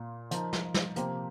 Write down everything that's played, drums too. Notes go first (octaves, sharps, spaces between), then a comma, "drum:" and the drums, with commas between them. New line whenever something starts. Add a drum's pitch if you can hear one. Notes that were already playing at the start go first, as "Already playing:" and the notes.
Already playing: A#2 A#3 F4
F3 D#4 A#4, drum: hi-hat
drum: snare
drum: snare
C3 F3 A#3 G4 C5, drum: hi-hat